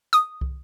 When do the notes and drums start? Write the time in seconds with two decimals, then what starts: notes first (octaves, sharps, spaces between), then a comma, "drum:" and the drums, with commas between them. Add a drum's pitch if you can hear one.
0.13 D#6, drum: hi-hat
0.41 drum: kick